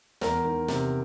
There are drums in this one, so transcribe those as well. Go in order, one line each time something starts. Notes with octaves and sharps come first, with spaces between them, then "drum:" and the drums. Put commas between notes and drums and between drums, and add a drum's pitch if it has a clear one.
E2 A#4, drum: snare
D#3
C3, drum: snare